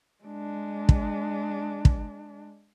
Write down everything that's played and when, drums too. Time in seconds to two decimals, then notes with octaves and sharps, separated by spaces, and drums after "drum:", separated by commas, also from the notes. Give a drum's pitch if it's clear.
0.25 G#3 D4
0.89 drum: kick
1.85 drum: kick